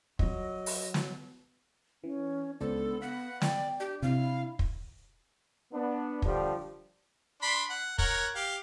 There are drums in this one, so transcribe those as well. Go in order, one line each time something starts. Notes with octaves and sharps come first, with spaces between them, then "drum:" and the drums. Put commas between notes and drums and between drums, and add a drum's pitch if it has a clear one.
F#3 D#4 F4 D#5, drum: kick
drum: open hi-hat
drum: snare
E3 C#4
C#2 B3 D4 A4 C5
B3 F5 F#5 B5
D5 G5, drum: snare
D4 G4
C3 E4 F5
drum: kick
B3 D4
D3 F3 G3 D4, drum: kick
D4 B5 C6
F#5
A#4 C#5 F#5, drum: kick
G4 F5